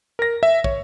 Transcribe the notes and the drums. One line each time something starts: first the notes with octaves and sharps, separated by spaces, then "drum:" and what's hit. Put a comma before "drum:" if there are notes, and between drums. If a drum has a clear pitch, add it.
A#4 A#6
E5
C#5, drum: kick